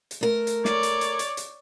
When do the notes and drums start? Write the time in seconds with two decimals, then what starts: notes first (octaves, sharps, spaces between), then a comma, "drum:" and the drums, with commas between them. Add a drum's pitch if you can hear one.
0.11 drum: hi-hat
0.21 A3 A#4
0.47 drum: hi-hat
0.65 C#5 D5, drum: snare
0.83 drum: hi-hat
1.01 drum: hi-hat
1.19 drum: hi-hat
1.37 drum: hi-hat